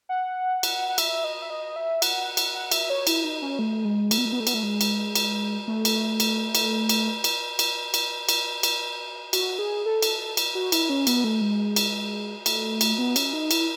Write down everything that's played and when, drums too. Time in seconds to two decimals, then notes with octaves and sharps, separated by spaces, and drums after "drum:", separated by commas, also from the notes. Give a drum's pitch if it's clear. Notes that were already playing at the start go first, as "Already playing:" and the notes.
0.09 F#5
0.63 drum: cymbal
0.89 F#5
0.98 E5, drum: cymbal
1.24 D#5
1.42 E5
1.50 D#5
1.76 E5
2.02 F#5, drum: cymbal
2.37 drum: cymbal
2.55 F#5
2.71 E5, drum: cymbal
2.90 C#5
3.07 E4, drum: cymbal
3.24 D#4
3.42 C#4
3.59 A3
3.85 G#3
4.11 A3, drum: cymbal
4.18 B3
4.25 A3
4.33 B3
4.40 A3
4.47 B3, drum: cymbal
4.54 A3
4.63 G#3
4.81 drum: cymbal
5.15 drum: cymbal
5.68 A3
5.85 drum: cymbal
6.20 drum: cymbal
6.55 drum: cymbal
6.89 drum: cymbal
7.24 drum: cymbal
7.59 drum: cymbal
7.94 drum: cymbal
8.29 drum: cymbal
8.63 drum: cymbal
9.33 F#4, drum: cymbal
9.59 G#4
9.86 A4
10.02 drum: cymbal
10.37 drum: cymbal
10.55 F#4
10.72 E4, drum: cymbal
10.89 C#4
11.07 B3, drum: cymbal
11.24 A3
11.41 G#3
11.76 drum: cymbal
12.46 A3, drum: cymbal
12.81 drum: cymbal
12.98 B3
13.16 C#4, drum: cymbal
13.33 D#4
13.51 E4, drum: cymbal